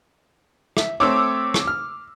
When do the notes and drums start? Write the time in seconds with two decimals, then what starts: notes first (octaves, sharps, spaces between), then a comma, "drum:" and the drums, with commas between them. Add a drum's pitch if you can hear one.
0.77 E5, drum: rim click
1.00 A3 C4 C#5 D6 E6
1.54 drum: rim click
1.67 F6